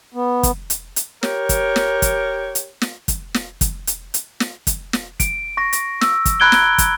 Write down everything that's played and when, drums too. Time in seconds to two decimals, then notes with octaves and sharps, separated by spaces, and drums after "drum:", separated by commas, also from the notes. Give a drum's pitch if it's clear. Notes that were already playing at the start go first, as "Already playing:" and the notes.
0.14 B3
0.43 drum: kick, hi-hat
0.70 drum: hi-hat
0.96 drum: hi-hat
1.23 G4 A#4 C#5, drum: snare
1.49 drum: kick, hi-hat
1.76 drum: snare
2.02 drum: kick, hi-hat
2.55 drum: hi-hat
2.82 drum: snare
3.08 drum: kick, hi-hat
3.34 drum: snare
3.61 drum: kick, hi-hat
3.87 drum: hi-hat
4.14 drum: hi-hat
4.40 drum: snare
4.67 drum: kick, hi-hat
4.93 drum: snare
5.20 D7, drum: kick, hi-hat
5.57 C#6 A#6
5.73 drum: hi-hat
6.01 E6, drum: snare
6.25 drum: kick, hi-hat
6.40 A#5 B5 F#6 G#6 D7 G7
6.52 drum: snare
6.78 drum: kick, hi-hat